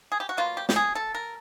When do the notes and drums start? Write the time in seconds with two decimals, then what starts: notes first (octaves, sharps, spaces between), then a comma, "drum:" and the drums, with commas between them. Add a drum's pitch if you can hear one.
0.12 G#4
0.20 G4
0.29 F#4
0.37 B2 F#3 A#3 F4
0.57 G4
0.69 G4, drum: snare
0.76 G#4
0.95 A4
1.15 A#4